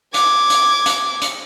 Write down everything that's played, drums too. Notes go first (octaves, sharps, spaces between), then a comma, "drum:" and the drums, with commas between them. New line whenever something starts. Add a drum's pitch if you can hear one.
D6 G#6, drum: hi-hat
drum: hi-hat
drum: hi-hat
drum: hi-hat